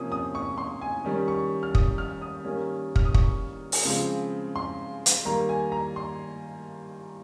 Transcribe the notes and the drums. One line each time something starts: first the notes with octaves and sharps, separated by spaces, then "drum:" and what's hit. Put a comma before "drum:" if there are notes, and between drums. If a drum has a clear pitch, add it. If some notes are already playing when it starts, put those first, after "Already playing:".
Already playing: C3 F3 A#3 C#4 D#6
D#6
C#6
C6
G#5
D#3 G3 C#4
C#6
F6
D#6, drum: kick
F6
D#6
D#3 G3 A#3 C#4
F6, drum: kick
D#6
C#6, drum: kick
drum: open hi-hat
C#3 F3 G#3 C4
C6
drum: hi-hat
D#3 G3 A#3 A#5
G#5
A#5
C6